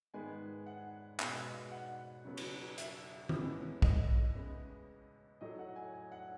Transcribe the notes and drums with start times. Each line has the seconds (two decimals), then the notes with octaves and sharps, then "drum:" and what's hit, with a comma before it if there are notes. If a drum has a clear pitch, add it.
0.14 G#2 D#3 G#3 B3 G#5
0.66 F#5
1.20 B2 G#3 B3, drum: clap
1.72 F#5
2.25 C#3 F#3 B3
2.37 drum: cymbal
2.78 E5, drum: hi-hat
3.29 A2 E3 G#3 B3, drum: tom D#3
3.82 D#5, drum: kick A#1
4.35 C#3 G#3 B3
5.41 A2 F#3 A3 D#5
5.59 F#5
5.76 G#5
5.93 G#5
6.12 F#5